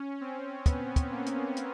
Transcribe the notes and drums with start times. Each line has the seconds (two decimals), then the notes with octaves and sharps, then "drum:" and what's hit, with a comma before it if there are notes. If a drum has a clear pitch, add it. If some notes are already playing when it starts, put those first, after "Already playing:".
Already playing: C#4
0.21 C4
0.66 B3, drum: kick, hi-hat
0.96 drum: kick, hi-hat
1.12 A#3
1.26 drum: hi-hat
1.57 drum: hi-hat